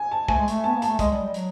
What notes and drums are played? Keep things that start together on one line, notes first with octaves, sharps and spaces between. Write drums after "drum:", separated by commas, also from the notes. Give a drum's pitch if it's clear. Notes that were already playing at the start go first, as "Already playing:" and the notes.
Already playing: G#5
A5
A3 G#5, drum: kick
G#3
A3, drum: hi-hat
B3 A5
A#3
A5, drum: hi-hat
A3
G#3 D#5, drum: kick, hi-hat
G3
G3
F#3, drum: hi-hat